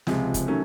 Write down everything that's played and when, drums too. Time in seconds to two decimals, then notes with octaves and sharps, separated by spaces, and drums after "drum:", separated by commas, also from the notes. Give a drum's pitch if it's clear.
0.07 C#2 C3 F3 G#3, drum: snare
0.34 drum: kick, hi-hat
0.48 D#3 F#3 A3 C#4